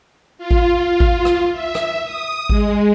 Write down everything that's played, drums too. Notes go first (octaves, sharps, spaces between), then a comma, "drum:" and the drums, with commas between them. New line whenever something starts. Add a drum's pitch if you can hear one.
F4
drum: kick G#1
drum: kick G#1
drum: rim click
E5
drum: rim click
D#6
G#3, drum: kick G#1